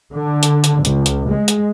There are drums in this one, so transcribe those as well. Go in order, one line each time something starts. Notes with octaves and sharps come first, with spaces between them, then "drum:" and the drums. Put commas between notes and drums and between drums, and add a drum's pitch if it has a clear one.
D3
drum: hi-hat
drum: hi-hat
C#2, drum: hi-hat
drum: hi-hat
G#3
drum: hi-hat